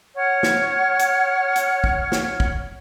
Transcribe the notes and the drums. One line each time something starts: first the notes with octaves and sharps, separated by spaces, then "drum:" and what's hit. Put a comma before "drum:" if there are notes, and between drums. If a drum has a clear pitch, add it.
C#5 F#5 F6
drum: snare
drum: hi-hat
drum: hi-hat
drum: kick
drum: snare
drum: kick